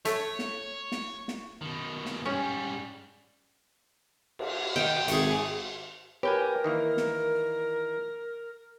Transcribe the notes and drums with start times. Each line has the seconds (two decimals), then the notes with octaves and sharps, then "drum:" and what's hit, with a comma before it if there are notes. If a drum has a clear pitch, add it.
0.05 A3 C#5, drum: hi-hat
0.39 drum: snare
0.92 drum: snare
1.28 drum: snare
1.61 B2 D#3
2.06 drum: snare
2.26 G#2 G3 C#4
4.39 drum: cymbal
4.76 D#3 G5, drum: snare
5.08 G#1 A3 G#4, drum: hi-hat
6.23 G4 A#4 B4 C#5 G5 G#5
6.64 D#3 E3 A#3
6.97 drum: snare